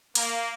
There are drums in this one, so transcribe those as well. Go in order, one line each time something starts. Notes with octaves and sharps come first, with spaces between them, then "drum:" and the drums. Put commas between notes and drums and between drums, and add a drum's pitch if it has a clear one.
A#3, drum: hi-hat